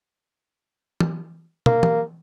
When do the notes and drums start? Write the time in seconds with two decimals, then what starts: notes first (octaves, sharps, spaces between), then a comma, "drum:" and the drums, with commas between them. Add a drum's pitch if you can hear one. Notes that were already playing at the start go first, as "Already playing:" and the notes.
1.01 drum: tom E3
1.66 A#3, drum: tom
1.83 drum: tom E3